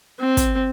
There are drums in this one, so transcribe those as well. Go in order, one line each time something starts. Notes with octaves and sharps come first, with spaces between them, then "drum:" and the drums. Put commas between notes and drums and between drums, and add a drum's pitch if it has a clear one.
C4
drum: kick, hi-hat